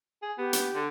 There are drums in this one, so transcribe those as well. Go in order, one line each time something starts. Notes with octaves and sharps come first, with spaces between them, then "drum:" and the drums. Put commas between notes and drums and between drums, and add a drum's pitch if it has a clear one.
G#4
B3 G4
drum: hi-hat
D3